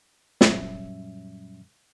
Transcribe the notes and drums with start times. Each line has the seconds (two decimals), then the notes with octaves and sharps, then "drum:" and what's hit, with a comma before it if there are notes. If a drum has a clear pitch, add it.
0.41 F#2 A#2 F#3 G3 C#4 E5, drum: snare